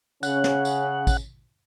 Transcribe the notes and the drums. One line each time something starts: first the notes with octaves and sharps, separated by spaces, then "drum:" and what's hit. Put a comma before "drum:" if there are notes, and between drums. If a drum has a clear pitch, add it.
C#3 C#4 F#5, drum: tambourine
drum: snare
drum: tambourine
drum: kick A1, tambourine